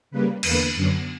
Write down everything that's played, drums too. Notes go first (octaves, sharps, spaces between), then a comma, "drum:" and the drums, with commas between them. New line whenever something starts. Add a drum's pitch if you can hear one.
C#3 G3 A#3 B4
E2 D3 A#3 B4, drum: cymbal
F#2 D3 F#3 B3